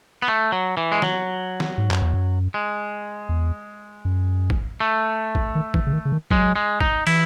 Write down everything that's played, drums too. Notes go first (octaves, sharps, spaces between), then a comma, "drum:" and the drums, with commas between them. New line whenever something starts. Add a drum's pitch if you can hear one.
B3
A3
F#3
E3
G#3
F#3, drum: snare
drum: snare
G#2
F#2, drum: clap
E2
F#2
G#3
E2
F#2
drum: kick
A3
drum: kick
D#3
E3, drum: kick
C#3
D#3
C#3
D#3
F#3 G#3, drum: kick
G#3
D#4, drum: kick
E3 E4, drum: cymbal